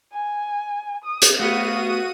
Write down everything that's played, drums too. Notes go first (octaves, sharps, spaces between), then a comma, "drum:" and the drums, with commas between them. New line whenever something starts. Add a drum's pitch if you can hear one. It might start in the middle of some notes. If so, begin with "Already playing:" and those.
G#5
D#6
drum: hi-hat
A3 B3 F#4 F5 D#6 D#7